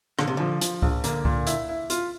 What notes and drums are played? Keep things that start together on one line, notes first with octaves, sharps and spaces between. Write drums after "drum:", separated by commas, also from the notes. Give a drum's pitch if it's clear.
A#1 D3, drum: rim click
C3
D3 F3
F3, drum: hi-hat
A#1, drum: kick C#2
D3 A#3, drum: hi-hat
A#2, drum: kick C#2
E4, drum: hi-hat
E4
F4, drum: hi-hat